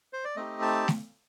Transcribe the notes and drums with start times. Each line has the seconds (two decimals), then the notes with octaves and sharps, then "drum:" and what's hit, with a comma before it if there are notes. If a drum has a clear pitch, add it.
0.13 C5
0.24 D5
0.36 A3 C4 D#4 G4 D#5
0.62 A5
0.88 drum: snare A3